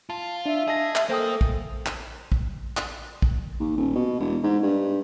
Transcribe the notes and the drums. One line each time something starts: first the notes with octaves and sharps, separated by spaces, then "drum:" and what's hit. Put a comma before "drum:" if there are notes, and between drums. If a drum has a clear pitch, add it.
F4 A5
D4 E5
G#4 D#5 A5 A#6
drum: clap
A#3 A4 C5 G5 D#6
drum: kick
drum: clap
drum: kick
drum: clap
drum: kick
D#2
D#1
B2
E1
G#2
G2